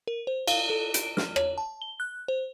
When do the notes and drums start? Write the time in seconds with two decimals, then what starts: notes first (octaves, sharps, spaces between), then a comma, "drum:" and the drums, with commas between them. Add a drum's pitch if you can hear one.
0.07 A#4
0.27 C5
0.48 F5, drum: cymbal
0.70 A4
0.94 D7, drum: hi-hat
1.17 F6, drum: snare
1.36 C#5, drum: rim click
1.58 A5
1.82 G7
2.00 F#6
2.28 C5